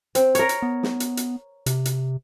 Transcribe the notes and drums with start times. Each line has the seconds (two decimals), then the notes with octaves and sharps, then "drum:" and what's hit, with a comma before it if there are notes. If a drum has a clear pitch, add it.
0.15 C4, drum: hi-hat
0.35 A#4 C#5, drum: hi-hat
0.49 drum: hi-hat
0.62 B3
0.83 drum: snare
1.00 drum: hi-hat
1.17 drum: hi-hat
1.66 C3, drum: hi-hat
1.85 drum: hi-hat